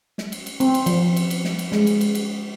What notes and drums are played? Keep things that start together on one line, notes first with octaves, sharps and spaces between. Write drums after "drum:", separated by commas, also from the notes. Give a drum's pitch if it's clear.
drum: snare
drum: cymbal
drum: cymbal
C4, drum: cymbal
drum: cymbal
F3, drum: cymbal
drum: cymbal
drum: cymbal
drum: snare
drum: cymbal
G#3, drum: snare
drum: cymbal
drum: cymbal
drum: cymbal